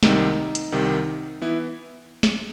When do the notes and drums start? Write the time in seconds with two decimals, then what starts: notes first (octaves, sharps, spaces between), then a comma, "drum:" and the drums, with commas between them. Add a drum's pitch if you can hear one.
0.03 C2 C3 D#3 G3 D#4, drum: snare
0.55 drum: hi-hat
0.72 C2 C3 D#3 G3
1.42 E3 B3 E4
2.23 drum: snare